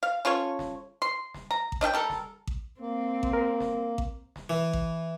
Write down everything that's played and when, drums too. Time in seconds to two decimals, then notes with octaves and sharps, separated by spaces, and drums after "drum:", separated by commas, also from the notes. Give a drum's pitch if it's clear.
0.03 F5
0.25 C#4 F4 A4 C#5
0.59 drum: snare
1.02 C6
1.34 drum: snare
1.51 A#5
1.72 drum: kick A1
1.81 D4 D#5 E5 G5
1.94 G3 A4 A#4
2.10 drum: snare
2.47 drum: kick A1
2.81 A#3 C4
3.23 drum: kick A1
3.33 A#4
3.60 drum: snare
3.98 drum: kick A1
4.36 drum: snare
4.50 E3
4.73 drum: kick A1